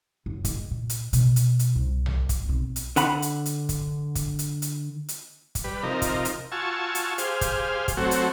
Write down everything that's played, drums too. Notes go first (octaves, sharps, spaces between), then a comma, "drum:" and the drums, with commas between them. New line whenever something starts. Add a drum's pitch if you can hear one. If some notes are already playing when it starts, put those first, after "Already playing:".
F#2
G#3, drum: kick, hi-hat
A#2
drum: hi-hat
B2, drum: hi-hat
drum: hi-hat
drum: hi-hat
C2
drum: tom A#1
drum: kick, hi-hat
B1 C4
drum: hi-hat
D3 F#5 B5, drum: hi-hat
drum: hi-hat
drum: hi-hat
drum: kick, hi-hat
drum: kick, hi-hat
drum: hi-hat
drum: hi-hat
drum: hi-hat
drum: kick, hi-hat
G3 B4
C3 F3 D#4 A#4
drum: kick, hi-hat
drum: hi-hat
F4 F#4 G#5 A5 C#6 E6
drum: hi-hat
G4 G#4 C5 F5, drum: hi-hat
drum: kick, hi-hat
drum: kick, hi-hat
F#3 A3 C4 F#4
drum: hi-hat